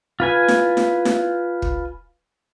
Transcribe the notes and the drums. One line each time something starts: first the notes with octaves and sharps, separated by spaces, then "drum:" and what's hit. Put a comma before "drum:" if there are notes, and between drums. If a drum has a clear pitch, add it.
F4 B4 G#5
drum: snare E4
drum: snare E4
drum: snare E4
drum: kick